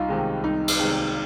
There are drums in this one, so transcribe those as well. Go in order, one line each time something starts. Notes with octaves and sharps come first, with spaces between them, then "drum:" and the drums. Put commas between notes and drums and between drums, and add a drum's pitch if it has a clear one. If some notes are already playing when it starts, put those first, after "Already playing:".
Already playing: C2 D#4 F4
C3 D#3 G#3
C2 D#4
drum: cymbal
C3 D#3 G#3